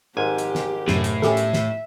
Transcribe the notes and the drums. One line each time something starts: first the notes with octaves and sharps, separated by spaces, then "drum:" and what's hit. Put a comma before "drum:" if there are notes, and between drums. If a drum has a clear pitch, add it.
G#1 G#2 G4 G#5
drum: hi-hat
drum: snare
F#2 A2 C3, drum: snare
drum: hi-hat
C#4 G4 A4 E5, drum: snare
drum: hi-hat
drum: snare